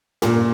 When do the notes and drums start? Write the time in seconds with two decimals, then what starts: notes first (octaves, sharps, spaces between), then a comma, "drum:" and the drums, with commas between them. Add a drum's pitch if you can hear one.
0.22 A#2, drum: tom